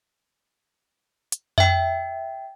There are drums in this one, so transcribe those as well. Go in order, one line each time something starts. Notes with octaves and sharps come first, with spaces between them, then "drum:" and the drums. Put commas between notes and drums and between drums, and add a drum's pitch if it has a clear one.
drum: hi-hat
E5 G5, drum: tom F2